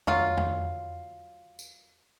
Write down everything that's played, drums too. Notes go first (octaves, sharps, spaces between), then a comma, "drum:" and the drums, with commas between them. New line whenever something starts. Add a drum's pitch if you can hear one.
F#3 F4, drum: tom E2
drum: tom E2
drum: tambourine